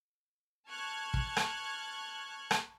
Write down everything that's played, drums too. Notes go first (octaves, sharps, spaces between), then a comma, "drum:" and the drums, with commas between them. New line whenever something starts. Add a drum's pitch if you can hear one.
A5 C#6 F6 F#6 G#6
drum: kick
drum: rim click
drum: rim click